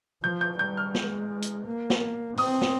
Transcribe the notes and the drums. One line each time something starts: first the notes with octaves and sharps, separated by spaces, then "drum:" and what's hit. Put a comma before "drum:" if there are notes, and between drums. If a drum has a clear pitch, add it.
F3 G6
G6
G3 G6
F6
G#3, drum: snare
drum: hi-hat
A#3
drum: snare
C4 D#6, drum: open hi-hat
drum: snare